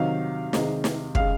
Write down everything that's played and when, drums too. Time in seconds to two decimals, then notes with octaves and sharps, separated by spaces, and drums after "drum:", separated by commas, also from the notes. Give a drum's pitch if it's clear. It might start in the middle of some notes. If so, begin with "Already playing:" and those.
Already playing: C3 D#3 F#3 F5
0.53 C3 D#3 G#3, drum: snare
0.84 drum: snare
1.15 C#3 G#3 F5, drum: kick